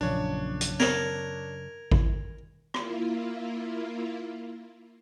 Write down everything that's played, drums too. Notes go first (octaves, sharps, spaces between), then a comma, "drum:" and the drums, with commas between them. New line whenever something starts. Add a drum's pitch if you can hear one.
A#1 F#2 C#3 D4 C#5
drum: hi-hat
A#4 G#6, drum: snare
drum: kick G#1
A#3 E4 F4, drum: rim click